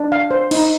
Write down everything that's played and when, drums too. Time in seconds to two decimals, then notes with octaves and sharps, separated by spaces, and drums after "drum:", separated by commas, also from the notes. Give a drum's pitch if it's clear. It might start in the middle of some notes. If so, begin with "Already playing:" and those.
Already playing: D4
0.12 F5
0.31 C5
0.51 D#4, drum: cymbal